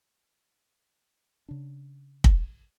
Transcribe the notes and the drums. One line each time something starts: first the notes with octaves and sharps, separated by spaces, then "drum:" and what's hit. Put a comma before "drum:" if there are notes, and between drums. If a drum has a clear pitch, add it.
C#3 D4
drum: kick